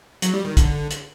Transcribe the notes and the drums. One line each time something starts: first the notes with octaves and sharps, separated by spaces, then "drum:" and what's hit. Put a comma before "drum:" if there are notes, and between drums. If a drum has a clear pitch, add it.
F#3, drum: hi-hat
G3
D#3
D3, drum: kick, hi-hat
drum: hi-hat